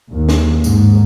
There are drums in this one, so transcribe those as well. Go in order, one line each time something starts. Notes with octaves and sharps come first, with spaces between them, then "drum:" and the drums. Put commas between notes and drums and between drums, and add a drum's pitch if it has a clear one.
D#2
drum: snare
G#2, drum: tambourine